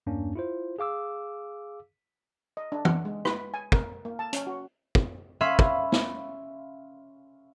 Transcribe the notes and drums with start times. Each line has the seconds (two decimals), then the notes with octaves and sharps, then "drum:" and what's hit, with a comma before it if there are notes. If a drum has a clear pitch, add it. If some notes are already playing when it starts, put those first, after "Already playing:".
0.07 E2 G2 A#3 C#4 D4
0.36 E4 F4 C5
0.79 G#4 F5 D6 E6
2.57 D#5
2.72 D4
2.85 F#5, drum: tom E3
3.05 G#3
3.25 B4, drum: rim click
3.54 G#5
3.72 A#4, drum: kick
4.05 A#3
4.19 A5
4.33 C#4, drum: hi-hat
4.47 F#4
4.95 drum: kick
5.41 C#4 E5 F5 B5 C6
5.59 drum: kick
5.92 drum: snare